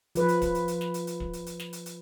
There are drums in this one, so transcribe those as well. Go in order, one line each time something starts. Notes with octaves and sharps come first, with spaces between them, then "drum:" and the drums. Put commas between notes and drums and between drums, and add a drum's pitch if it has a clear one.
F3 B4, drum: hi-hat
drum: hi-hat
drum: kick, hi-hat
drum: hi-hat
drum: hi-hat
drum: snare
drum: hi-hat
drum: hi-hat
drum: kick
drum: hi-hat
drum: hi-hat
drum: snare
drum: hi-hat
drum: hi-hat